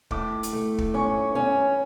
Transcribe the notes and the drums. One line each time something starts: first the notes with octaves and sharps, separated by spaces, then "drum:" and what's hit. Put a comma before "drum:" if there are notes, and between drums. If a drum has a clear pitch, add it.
A2 D6, drum: kick
drum: hi-hat
A3
drum: kick
C#4 C#6
C#4 G#5